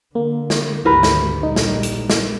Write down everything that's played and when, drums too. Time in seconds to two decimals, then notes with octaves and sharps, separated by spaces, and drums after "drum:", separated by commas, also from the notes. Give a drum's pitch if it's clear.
0.15 D3 A#3
0.50 drum: snare
0.85 G#1 D2 G4 A#4 B4
1.03 drum: snare
1.43 A#1 G3 D#4
1.56 drum: snare
1.83 drum: hi-hat
2.10 drum: snare